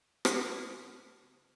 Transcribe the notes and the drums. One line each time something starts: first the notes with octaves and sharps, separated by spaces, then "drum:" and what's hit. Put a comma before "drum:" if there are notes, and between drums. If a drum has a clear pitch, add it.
A2, drum: rim click
G#2
C3
C#3